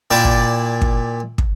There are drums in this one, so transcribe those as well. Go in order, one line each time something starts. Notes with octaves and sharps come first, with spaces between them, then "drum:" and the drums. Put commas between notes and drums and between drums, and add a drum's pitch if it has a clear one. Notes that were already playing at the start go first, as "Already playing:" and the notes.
A#2 E4 D5 G5 A5
drum: kick
drum: kick
drum: kick